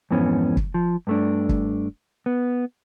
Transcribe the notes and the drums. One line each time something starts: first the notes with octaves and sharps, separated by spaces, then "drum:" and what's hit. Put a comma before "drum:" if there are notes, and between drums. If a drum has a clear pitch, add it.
F2 G#2 E3 B3 C#4
drum: kick
F3
G2 A3 D4
drum: kick
B3